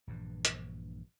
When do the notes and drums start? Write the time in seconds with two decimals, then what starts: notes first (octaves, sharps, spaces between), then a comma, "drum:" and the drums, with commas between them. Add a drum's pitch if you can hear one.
0.07 A#1 G2 E3
0.45 drum: hi-hat